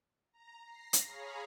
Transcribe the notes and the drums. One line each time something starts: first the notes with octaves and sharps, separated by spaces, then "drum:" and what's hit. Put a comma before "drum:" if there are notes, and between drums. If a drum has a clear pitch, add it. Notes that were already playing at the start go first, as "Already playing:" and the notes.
A#5
A#6 C7
drum: hi-hat
G#4 C#5 F5 A#5 B5